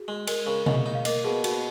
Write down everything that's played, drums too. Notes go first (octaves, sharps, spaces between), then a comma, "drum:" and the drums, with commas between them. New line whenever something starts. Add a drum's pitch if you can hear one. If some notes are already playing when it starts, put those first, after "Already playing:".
Already playing: F#4 G#4
G#3
G#3 A#4, drum: cymbal
C#3 A#4
C#3 D#5, drum: tom B2
D#4
F5
A#3 D#5, drum: cymbal
B2 G#4
B2 F#4, drum: cymbal